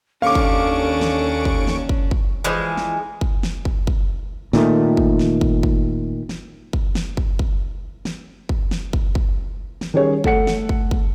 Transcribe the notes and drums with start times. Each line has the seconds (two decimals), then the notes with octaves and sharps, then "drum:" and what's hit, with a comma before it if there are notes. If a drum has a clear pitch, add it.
0.22 D#2 C#4 D4 A4 F5 C#6 D6 D7
0.35 drum: kick
1.01 drum: snare
1.45 drum: kick
1.67 drum: snare
1.89 drum: kick
2.11 drum: kick
2.44 E3 F3 G#3
2.77 drum: snare
3.21 drum: kick
3.43 drum: snare
3.65 drum: kick
3.87 drum: kick
4.53 A#2 D#3 A3, drum: snare
4.97 drum: kick
5.19 drum: snare
5.41 drum: kick
5.63 drum: kick
6.29 drum: snare
6.73 drum: kick
6.95 drum: snare
7.17 drum: kick
7.39 drum: kick
8.05 drum: snare
8.49 drum: kick
8.71 drum: snare
8.93 drum: kick
9.15 drum: kick
9.81 drum: snare
9.94 D#3 G3 C#4 G#4 C#5
10.24 A3 A4 F#5 C#7, drum: kick
10.47 drum: snare
10.69 drum: kick
10.91 drum: kick